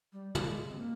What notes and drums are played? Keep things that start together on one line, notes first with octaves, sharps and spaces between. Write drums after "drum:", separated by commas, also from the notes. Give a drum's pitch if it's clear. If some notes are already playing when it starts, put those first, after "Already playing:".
G3
G3, drum: tom
G#3
C4
A#3